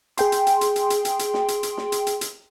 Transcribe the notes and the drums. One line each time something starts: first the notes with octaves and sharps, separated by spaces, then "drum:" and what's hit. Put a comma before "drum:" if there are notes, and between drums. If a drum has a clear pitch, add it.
G#4 G5 C6, drum: hi-hat
drum: hi-hat
drum: hi-hat
drum: hi-hat
drum: hi-hat
drum: hi-hat
drum: hi-hat
drum: hi-hat
drum: snare
drum: hi-hat
drum: hi-hat
drum: snare
drum: hi-hat
drum: hi-hat
drum: hi-hat